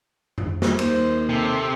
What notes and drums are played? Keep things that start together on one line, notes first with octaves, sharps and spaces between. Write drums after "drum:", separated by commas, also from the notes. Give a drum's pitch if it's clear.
drum: tom F2
drum: snare
D#2 C5, drum: cymbal
C3 A4